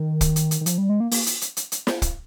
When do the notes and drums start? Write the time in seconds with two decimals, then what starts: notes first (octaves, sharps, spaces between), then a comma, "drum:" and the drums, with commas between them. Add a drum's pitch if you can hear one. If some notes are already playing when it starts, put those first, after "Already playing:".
Already playing: D#3
0.21 drum: kick, hi-hat
0.36 drum: hi-hat
0.51 drum: hi-hat
0.61 D#3
0.66 F3, drum: hi-hat
0.78 G3
0.89 G#3
1.00 A#3
1.11 A#3, drum: open hi-hat
1.26 drum: hi-hat
1.41 drum: hi-hat
1.57 drum: hi-hat
1.72 drum: hi-hat
1.87 drum: snare
2.02 drum: kick, hi-hat